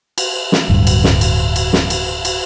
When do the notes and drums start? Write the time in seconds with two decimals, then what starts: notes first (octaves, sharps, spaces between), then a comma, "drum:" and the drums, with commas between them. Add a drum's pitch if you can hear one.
0.18 drum: cymbal
0.52 drum: snare
0.69 D1 G2
0.87 drum: cymbal
1.04 drum: snare
1.21 drum: cymbal
1.56 drum: cymbal
1.73 drum: snare
1.90 drum: cymbal
2.25 drum: cymbal